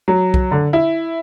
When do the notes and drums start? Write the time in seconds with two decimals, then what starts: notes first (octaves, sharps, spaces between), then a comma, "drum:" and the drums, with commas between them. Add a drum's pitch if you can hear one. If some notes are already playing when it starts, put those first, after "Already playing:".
0.08 F#3
0.34 drum: kick B1
0.52 D3
0.73 E4